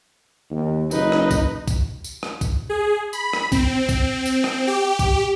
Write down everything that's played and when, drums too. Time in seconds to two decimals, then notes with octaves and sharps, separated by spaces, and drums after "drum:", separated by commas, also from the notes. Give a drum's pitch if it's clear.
0.50 D#2
0.91 F#1 D#4 B4, drum: tambourine
1.12 drum: rim click
1.31 drum: kick, tambourine
1.68 drum: kick, tambourine
2.04 drum: tambourine
2.23 drum: rim click
2.41 drum: kick, tambourine
2.69 G#4
3.13 B5, drum: tambourine
3.33 drum: rim click
3.52 C4, drum: kick, tambourine
3.89 drum: kick, tambourine
4.26 drum: tambourine
4.44 drum: rim click
4.67 G4
4.99 drum: kick, tambourine